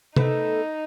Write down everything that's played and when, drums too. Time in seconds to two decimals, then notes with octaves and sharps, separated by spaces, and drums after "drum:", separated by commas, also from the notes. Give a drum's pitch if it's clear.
0.16 A3 B3 D#4, drum: tom C3